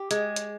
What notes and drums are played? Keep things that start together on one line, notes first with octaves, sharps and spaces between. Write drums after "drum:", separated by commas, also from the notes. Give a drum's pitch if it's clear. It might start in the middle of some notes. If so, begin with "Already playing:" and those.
Already playing: G4
G#3, drum: hi-hat
drum: hi-hat